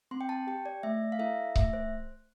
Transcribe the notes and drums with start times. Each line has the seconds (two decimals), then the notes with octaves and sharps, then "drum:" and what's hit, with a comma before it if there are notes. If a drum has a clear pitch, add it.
0.11 C4 C6
0.21 G5
0.29 A5
0.47 G4 G5
0.66 D5
0.83 A3 E5
1.12 F5
1.19 E4 A4 E5
1.56 A3 E5, drum: kick C#1
1.73 C5